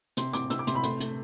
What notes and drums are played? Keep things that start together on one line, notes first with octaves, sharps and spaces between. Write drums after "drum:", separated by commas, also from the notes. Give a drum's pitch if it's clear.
C3 C6, drum: hi-hat
C3 D6, drum: hi-hat
C3 E6, drum: hi-hat
D6
C3 C6, drum: hi-hat
B5
A3 C6, drum: hi-hat
A3, drum: hi-hat